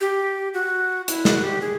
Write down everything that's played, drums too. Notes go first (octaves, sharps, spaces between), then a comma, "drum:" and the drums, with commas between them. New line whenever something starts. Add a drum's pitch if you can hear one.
G4
F#4
E4, drum: hi-hat
F#4, drum: snare
G4
G#4